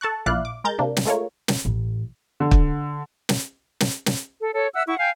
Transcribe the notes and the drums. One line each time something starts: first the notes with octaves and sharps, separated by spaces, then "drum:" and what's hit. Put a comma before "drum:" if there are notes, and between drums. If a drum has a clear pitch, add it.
A4 A5 C#6 F#6
A#1 A#2 E4 D5 F5 F#6
D6
G#3 A#4 A#5 G6 A6
C3 A#3 D4
drum: snare
G#3 A3 F4 A#4 C#5
drum: snare
A1
D3
drum: kick
drum: snare
drum: snare
drum: snare
A4
A4 C#5
E5 F#5 E6 F#6
E4 F#5 C#6
F5 G5 G#5 G6